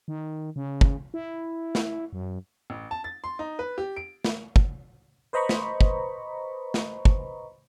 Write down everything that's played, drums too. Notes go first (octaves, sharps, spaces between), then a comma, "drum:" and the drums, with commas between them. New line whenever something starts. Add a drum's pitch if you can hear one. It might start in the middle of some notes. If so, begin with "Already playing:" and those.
D#3
C#3
drum: kick
E4
drum: snare
F#2
A1
A5
A6
C6
D#4
B4
G4
D7
drum: snare
drum: kick
B4 C5 D#5 A#5 B5 C#6
drum: snare
drum: kick
drum: snare
drum: kick